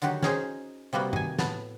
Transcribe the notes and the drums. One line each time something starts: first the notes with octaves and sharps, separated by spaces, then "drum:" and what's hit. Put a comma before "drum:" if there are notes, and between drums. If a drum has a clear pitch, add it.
D3 D#3 F#3 F#4 G4, drum: hi-hat
C#4 D#4 G#4 C5, drum: snare
C3 G3 A#3 B3 F#4
D#3 G#5, drum: tom
A2 B3 A5, drum: snare